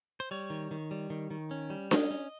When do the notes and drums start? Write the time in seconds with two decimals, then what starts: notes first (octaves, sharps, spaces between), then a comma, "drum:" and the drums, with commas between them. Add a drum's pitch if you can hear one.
0.20 C5
0.31 G3 C#5
0.50 D#3
0.71 D#3
0.91 G3
1.10 D#3
1.31 D#3
1.51 C#4
1.70 G3
1.91 C#4 D#5, drum: snare D4
2.11 C#4